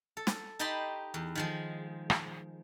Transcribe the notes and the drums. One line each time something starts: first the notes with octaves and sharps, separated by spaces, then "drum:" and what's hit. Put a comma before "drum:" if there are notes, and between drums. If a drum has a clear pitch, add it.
A4
drum: snare
D#4 G4 D#5 A5 B5 C6
E2
D#3 F3 G#3
drum: rim click